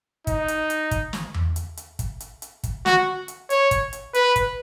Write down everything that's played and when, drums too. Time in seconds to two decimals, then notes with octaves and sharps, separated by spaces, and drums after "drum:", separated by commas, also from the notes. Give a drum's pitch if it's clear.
0.27 D#4, drum: kick, hi-hat
0.48 drum: hi-hat
0.70 drum: hi-hat
0.91 drum: kick, hi-hat
1.13 drum: snare
1.34 drum: tom E2
1.56 drum: hi-hat
1.77 drum: hi-hat
1.99 drum: kick, hi-hat
2.20 drum: hi-hat
2.42 drum: hi-hat
2.64 drum: kick, hi-hat
2.86 F#4, drum: snare
3.28 drum: hi-hat
3.50 C#5, drum: hi-hat
3.71 drum: kick, hi-hat
3.93 drum: hi-hat
4.14 B4, drum: hi-hat
4.36 drum: kick, hi-hat